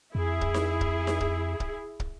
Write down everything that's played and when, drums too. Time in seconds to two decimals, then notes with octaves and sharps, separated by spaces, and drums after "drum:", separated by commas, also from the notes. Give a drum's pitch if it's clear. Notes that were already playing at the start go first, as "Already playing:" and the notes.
0.15 F2 E4 G#4
0.41 drum: kick
0.54 drum: snare D#4
0.81 drum: kick
1.07 drum: snare D#4
1.20 drum: kick
1.60 drum: kick
2.00 drum: kick